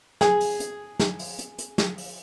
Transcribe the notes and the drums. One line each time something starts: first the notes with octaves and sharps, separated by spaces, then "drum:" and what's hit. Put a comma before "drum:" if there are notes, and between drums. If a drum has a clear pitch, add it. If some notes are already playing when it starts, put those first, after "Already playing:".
G#4, drum: snare
drum: open hi-hat
drum: hi-hat
drum: snare
drum: open hi-hat
drum: hi-hat
drum: hi-hat
drum: snare
drum: open hi-hat